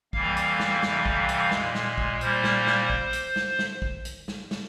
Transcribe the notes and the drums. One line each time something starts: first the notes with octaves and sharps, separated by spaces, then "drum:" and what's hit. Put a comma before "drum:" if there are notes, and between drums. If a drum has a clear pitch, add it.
F2 E3 G3 A#3 F5, drum: kick
drum: hi-hat
drum: snare
F2 C3 E3 G3, drum: snare
drum: kick
drum: hi-hat
A#2 G#3, drum: snare
drum: snare
drum: kick
A#2 G3 A#3 C5, drum: hi-hat
drum: snare
drum: snare
drum: kick
drum: hi-hat
drum: snare
drum: snare
drum: kick
drum: hi-hat
drum: snare
drum: snare